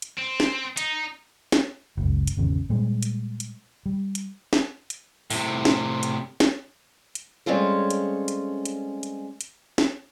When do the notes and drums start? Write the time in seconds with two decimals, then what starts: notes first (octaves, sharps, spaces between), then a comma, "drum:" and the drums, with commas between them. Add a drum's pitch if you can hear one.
0.02 drum: hi-hat
0.18 C4
0.40 drum: snare
0.77 D#4, drum: hi-hat
1.52 drum: snare
1.97 F#1 C#2
2.27 drum: hi-hat
2.37 G#1 E2 C#3
2.69 A#2 G3 G#3
3.03 drum: hi-hat
3.40 drum: hi-hat
3.86 G3
4.15 drum: hi-hat
4.53 drum: snare
4.90 drum: hi-hat
5.30 A2 C3, drum: open hi-hat
5.65 drum: snare
6.03 drum: hi-hat
6.40 drum: snare
7.15 drum: hi-hat
7.46 G3 G#3 C4 C#4 F4 A4
7.90 drum: hi-hat
8.28 drum: hi-hat
8.65 drum: hi-hat
9.03 drum: hi-hat
9.41 drum: hi-hat
9.78 drum: snare